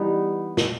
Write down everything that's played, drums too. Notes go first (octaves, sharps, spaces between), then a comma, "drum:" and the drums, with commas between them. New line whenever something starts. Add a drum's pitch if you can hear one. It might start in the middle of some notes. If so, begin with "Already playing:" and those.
Already playing: E3 G3 B3 D#4
drum: snare